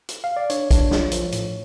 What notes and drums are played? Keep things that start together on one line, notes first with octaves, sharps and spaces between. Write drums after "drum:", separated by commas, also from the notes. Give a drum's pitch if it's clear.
drum: hi-hat
F5
D5
D4 C#5, drum: hi-hat
D4, drum: kick, hi-hat
F4, drum: snare
F3, drum: hi-hat
A2, drum: hi-hat